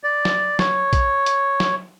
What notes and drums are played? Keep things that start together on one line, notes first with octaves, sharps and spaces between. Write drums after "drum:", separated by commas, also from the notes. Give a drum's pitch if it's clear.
D5
drum: snare
C#5, drum: snare
drum: kick, hi-hat
drum: hi-hat
drum: snare